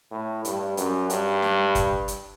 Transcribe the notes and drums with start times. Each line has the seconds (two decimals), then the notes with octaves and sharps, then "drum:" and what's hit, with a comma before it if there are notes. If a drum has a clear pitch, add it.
0.11 A2
0.45 G2, drum: hi-hat
0.77 F#2, drum: hi-hat
1.10 G2, drum: hi-hat
1.42 drum: snare
1.75 drum: kick, hi-hat
2.08 drum: hi-hat